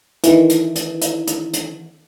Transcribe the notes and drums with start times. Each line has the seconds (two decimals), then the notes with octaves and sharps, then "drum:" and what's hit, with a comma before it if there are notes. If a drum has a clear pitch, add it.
0.24 D#3 E3, drum: hi-hat
0.50 drum: hi-hat
0.76 drum: hi-hat
1.02 drum: hi-hat
1.28 drum: hi-hat
1.54 drum: hi-hat